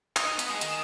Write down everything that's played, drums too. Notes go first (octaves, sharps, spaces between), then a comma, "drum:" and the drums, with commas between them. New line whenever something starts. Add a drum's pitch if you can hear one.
D#4, drum: clap
D#4
B3, drum: hi-hat
G#3
D#3, drum: hi-hat